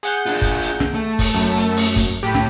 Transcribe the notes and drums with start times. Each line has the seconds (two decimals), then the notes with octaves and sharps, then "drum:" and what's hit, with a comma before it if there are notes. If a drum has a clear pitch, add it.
0.03 G#4 F#5 G6, drum: hi-hat
0.26 D4 F4
0.42 drum: kick F#1, hi-hat
0.61 drum: hi-hat
0.80 drum: snare
0.95 A3
1.19 drum: kick F#1, open hi-hat
1.34 F#2
1.57 drum: hi-hat
1.77 drum: open hi-hat
1.96 drum: kick F#1, hi-hat
2.23 A2 G4 B5
2.35 drum: snare